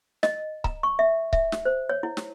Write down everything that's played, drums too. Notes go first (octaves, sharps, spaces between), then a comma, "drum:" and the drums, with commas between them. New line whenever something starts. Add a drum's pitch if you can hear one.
D#5, drum: snare
A#5, drum: kick C#1
C#6
E5
E5, drum: kick C#1
drum: snare
C5
C#5
E4
drum: snare